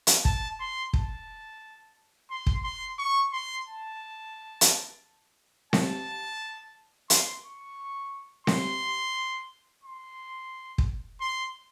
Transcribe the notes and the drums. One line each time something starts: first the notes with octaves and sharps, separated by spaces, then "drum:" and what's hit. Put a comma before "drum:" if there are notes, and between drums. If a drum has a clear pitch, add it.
drum: hi-hat
A5, drum: kick
C6
A5, drum: kick
C6
drum: kick
C6
C#6
C6
A5
drum: hi-hat
A5, drum: snare C4
C6, drum: hi-hat
C#6
C6, drum: snare C4
C6
drum: kick
C6